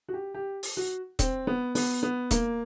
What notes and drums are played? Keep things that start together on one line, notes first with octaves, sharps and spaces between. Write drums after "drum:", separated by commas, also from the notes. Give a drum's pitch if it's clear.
F#4
G4
G4
drum: open hi-hat
F#4
C4, drum: kick, hi-hat
B3
B3, drum: open hi-hat
B3
A#3, drum: kick, hi-hat